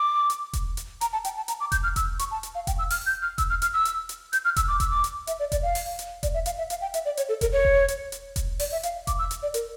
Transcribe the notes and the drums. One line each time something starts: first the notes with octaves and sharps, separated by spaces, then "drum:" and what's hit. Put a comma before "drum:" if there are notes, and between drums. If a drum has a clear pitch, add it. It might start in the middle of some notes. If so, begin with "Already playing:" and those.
Already playing: D6
drum: hi-hat
drum: kick E1, hi-hat
drum: hi-hat
A#5, drum: hi-hat
A5
G5, drum: hi-hat
A5
A#5, drum: hi-hat
D6
G6, drum: kick E1, hi-hat
F6
E6, drum: kick E1, hi-hat
C#6, drum: hi-hat
A5
drum: hi-hat
F5
G5, drum: kick E1, hi-hat
E6
F6, drum: open hi-hat
G6
F6
E6, drum: kick E1, hi-hat
F6
F6, drum: hi-hat
E6
drum: hi-hat
drum: hi-hat
G6, drum: hi-hat
F6
E6, drum: kick E1, hi-hat
D6
E6, drum: kick E1, hi-hat
D6
drum: hi-hat
E5, drum: hi-hat
D5
D5, drum: kick E1, hi-hat
F5
drum: open hi-hat
drum: hi-hat
D5, drum: kick E1, hi-hat
E5
F5, drum: hi-hat
E5
F5, drum: hi-hat
G5
E5, drum: hi-hat
D5
C#5, drum: hi-hat
A4
A#4, drum: kick E1, hi-hat
C#5
drum: kick E1
drum: hi-hat
drum: hi-hat
drum: kick E1, hi-hat
D5, drum: open hi-hat
E5
F5, drum: hi-hat
D6, drum: kick E1, hi-hat
E6
drum: hi-hat
D5
A#4, drum: hi-hat